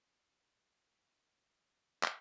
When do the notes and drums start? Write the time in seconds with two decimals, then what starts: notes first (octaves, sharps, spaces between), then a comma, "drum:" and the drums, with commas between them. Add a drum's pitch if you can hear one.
0.19 G#4
0.87 D#4 C5 D5 E5 C#6
2.03 drum: clap